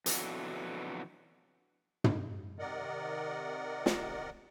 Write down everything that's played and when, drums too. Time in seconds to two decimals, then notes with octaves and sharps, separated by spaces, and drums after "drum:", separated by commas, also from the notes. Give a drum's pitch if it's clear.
0.06 F2 B2 D3 E3 F#3, drum: hi-hat
2.04 drum: tom
2.59 C3 D#3 A#4 D5 D#5 F#5
3.86 drum: snare